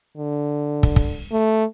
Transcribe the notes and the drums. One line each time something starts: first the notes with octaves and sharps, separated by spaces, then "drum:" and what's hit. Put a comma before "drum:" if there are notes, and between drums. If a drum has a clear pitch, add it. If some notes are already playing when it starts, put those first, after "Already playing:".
D3
drum: kick
drum: kick
A3